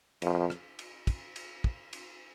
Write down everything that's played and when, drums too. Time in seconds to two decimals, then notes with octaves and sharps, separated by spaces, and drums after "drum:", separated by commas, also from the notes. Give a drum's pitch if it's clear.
0.22 F2, drum: cymbal
0.50 drum: rim click
0.79 drum: cymbal
1.07 drum: kick, cymbal
1.36 drum: cymbal
1.64 drum: kick
1.93 drum: cymbal